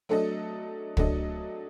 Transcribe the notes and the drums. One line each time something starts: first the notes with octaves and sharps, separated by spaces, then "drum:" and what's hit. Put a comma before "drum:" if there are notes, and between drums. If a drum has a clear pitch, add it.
F#3 A3 D4 A4 D#5
F#3 A3 D4 A4 D#5, drum: kick